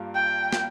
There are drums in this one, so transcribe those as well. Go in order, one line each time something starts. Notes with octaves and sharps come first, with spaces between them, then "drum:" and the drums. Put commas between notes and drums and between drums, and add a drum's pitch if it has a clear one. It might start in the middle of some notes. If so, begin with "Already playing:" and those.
Already playing: G2 G3 A#3 F4
G5
drum: snare